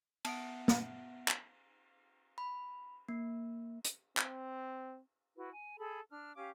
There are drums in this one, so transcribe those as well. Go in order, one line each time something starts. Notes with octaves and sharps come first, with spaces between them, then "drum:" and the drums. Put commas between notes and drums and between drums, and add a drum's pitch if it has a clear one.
B3 E5 F#5 A5 D#6 D7, drum: cymbal
drum: snare
drum: clap
B5
A#3
drum: hi-hat
C4, drum: clap
E4 F#4 B4
G#5
G#4 A4 B5
D4 F6
C#4 G4 F5 D6